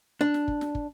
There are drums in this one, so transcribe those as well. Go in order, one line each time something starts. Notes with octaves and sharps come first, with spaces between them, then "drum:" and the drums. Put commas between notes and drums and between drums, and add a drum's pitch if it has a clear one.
D4
drum: snare
drum: kick
drum: snare
drum: kick